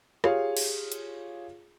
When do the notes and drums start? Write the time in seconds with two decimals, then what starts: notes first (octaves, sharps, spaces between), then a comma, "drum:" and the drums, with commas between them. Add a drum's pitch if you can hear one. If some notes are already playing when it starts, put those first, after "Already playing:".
0.24 F4 G4 G#4 C#5 F5, drum: rim click
0.57 drum: cymbal
0.92 drum: hi-hat